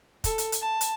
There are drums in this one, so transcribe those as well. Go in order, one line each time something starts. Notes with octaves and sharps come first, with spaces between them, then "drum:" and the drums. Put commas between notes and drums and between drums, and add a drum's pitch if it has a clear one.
A4, drum: kick, hi-hat
drum: hi-hat
drum: hi-hat
A5
drum: hi-hat